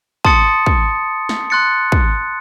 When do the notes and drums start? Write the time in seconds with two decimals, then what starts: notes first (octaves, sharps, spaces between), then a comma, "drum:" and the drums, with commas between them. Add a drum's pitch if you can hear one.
0.25 A5 C6 D#6 A6 C#7, drum: kick
0.66 drum: kick
1.29 drum: snare
1.50 C6 F#6 A6 C#7
1.92 drum: kick